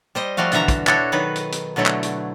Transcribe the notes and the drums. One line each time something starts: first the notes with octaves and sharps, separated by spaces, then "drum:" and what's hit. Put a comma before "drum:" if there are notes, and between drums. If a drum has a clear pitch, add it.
G3 C5 D#5
F3 G3 A3 F#4 F5
B2 D3 E3 E5 A#5, drum: hi-hat
drum: kick, hi-hat
D4 E4 F#4 A4 C#5, drum: clap
D#3 F#3 B3 B4
drum: hi-hat
drum: hi-hat
B2 D3 F#3 A3 E4
drum: clap
drum: hi-hat